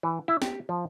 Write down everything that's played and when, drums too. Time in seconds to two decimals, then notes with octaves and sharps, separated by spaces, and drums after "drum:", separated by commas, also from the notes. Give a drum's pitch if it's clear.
0.03 E3
0.28 E4
0.42 G4, drum: snare
0.69 F3